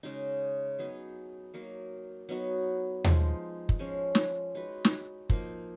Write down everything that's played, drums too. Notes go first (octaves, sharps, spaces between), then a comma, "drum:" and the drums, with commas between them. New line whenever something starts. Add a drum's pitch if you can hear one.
C#3 G#3 D#4
F#3 B3 D#4 G#4
F#3 A#3 D#4 A#4
F#3 B3 D#4 F#4
F3 G#3 D#4, drum: tom D#2
drum: kick
F3 G#3 C#4
drum: snare
G#3 D#4 F#4 B4
drum: snare
F3 A#3 D#4, drum: kick